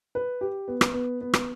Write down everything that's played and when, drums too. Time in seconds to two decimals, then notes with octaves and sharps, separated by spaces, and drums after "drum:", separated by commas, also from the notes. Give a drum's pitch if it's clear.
0.15 B4
0.41 G4
0.68 B3
0.81 drum: rim click
0.94 B3
1.21 B3
1.34 drum: rim click